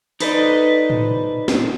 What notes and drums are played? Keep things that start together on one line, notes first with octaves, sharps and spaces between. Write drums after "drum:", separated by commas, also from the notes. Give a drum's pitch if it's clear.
D#4 A4 B4 C5 D5 D#5, drum: open hi-hat
drum: tom A2
drum: snare